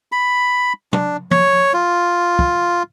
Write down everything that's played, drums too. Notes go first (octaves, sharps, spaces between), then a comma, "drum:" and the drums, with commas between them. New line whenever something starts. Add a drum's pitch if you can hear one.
B5
D4, drum: tom
C#5, drum: tom
F4
drum: kick